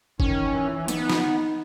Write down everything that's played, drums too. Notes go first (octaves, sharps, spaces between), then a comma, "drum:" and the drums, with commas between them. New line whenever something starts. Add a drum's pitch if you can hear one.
D#3 C#4, drum: kick F#1
E3
B3 D#4, drum: hi-hat
drum: snare